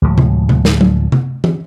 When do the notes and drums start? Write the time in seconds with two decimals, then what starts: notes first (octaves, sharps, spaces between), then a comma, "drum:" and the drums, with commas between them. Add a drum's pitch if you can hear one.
0.02 D2 A2 F3 G#3
0.18 drum: tom C3
0.49 drum: tom C3
0.65 drum: snare
0.81 drum: tom F#3
1.12 drum: tom C3
1.44 drum: tom